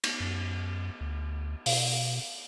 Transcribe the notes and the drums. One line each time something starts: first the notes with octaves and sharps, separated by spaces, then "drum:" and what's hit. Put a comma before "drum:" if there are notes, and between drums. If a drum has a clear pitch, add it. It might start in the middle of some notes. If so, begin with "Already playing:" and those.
drum: cymbal
F#2
D2
B2, drum: open hi-hat